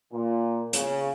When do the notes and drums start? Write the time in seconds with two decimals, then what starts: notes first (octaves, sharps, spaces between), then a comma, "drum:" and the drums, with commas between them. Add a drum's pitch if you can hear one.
0.12 A#2
0.73 C#3, drum: hi-hat